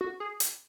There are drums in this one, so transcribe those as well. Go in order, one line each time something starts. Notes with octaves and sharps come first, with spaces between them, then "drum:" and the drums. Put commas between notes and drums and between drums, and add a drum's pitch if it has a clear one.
F#4
G#4
drum: hi-hat